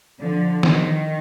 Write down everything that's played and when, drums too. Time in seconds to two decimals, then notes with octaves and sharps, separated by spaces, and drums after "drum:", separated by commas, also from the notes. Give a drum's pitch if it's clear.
0.19 D3 F3
0.63 D#3, drum: snare